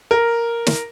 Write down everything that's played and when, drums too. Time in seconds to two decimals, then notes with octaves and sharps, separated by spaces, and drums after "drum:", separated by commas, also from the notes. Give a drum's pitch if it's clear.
0.11 A#4
0.67 drum: snare